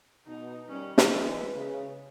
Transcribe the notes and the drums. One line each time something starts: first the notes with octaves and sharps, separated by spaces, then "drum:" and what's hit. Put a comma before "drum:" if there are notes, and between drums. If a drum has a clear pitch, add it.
B2 D#4
D#3 G3 C#4
drum: snare
E3 G#3 B4
C#3